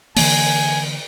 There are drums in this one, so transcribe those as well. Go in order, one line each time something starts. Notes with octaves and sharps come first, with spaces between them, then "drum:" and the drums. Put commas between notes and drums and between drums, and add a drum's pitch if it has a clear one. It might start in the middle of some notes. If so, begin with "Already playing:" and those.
D3 E3 A#3 G#5, drum: open hi-hat